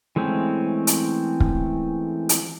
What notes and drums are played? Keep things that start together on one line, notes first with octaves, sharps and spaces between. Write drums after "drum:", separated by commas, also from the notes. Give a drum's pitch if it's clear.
E3 G#3 A3 C4 C#4
drum: hi-hat
drum: kick
drum: hi-hat